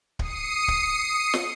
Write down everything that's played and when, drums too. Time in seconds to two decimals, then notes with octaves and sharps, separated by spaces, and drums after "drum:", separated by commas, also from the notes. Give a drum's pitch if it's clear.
0.19 D#6 C7 C#7 D#7, drum: kick D1
0.68 drum: kick D1
1.34 drum: snare